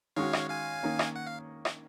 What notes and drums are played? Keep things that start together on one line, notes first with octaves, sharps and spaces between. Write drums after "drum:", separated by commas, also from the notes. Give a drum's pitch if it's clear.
D#3 G#3 C#4 F#4 C#5 F5
drum: rim click
F5 G#5
D#3 A#3 C#4
drum: rim click
F#5
F5
drum: rim click